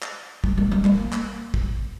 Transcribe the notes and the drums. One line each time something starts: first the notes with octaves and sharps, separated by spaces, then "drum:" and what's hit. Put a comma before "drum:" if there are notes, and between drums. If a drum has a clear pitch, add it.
drum: clap
G3, drum: kick
A#3
G3
A#3, drum: clap
drum: clap
drum: kick